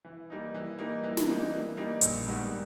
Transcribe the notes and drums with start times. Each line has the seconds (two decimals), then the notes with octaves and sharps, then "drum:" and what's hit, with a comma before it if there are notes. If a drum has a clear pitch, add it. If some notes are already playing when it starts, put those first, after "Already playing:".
0.05 E3
0.30 G3 A#3 D#4
0.54 E3
0.79 G3 A#3 D#4
1.03 E3
1.17 drum: snare
1.28 G3 A#3 D#4
1.52 E3
1.77 G3 A#3 D#4
2.01 A#1, drum: hi-hat
2.27 G#2 D#3 G3 B3